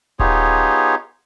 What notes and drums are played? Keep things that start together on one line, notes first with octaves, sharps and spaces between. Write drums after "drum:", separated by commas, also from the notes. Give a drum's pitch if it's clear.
B3 D#4 F4 G4 G#4 C#5, drum: kick D#1